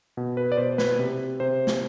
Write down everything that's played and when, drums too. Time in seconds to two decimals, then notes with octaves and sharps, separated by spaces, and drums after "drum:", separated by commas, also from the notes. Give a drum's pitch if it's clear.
0.17 B2
0.37 B4
0.52 D5
0.57 B2 C5
0.78 B4, drum: snare
0.99 C3
1.40 C3 C5
1.67 drum: snare